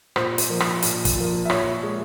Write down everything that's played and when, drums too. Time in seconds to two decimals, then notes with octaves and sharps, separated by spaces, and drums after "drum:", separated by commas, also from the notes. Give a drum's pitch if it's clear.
0.16 A#2 C5, drum: rim click
0.38 drum: hi-hat
0.49 F3 A#3
0.60 drum: rim click
0.82 A#2, drum: hi-hat
1.05 drum: kick, hi-hat
1.16 F3 A#3
1.45 E5
1.50 A#2 C#5, drum: rim click
1.83 G#3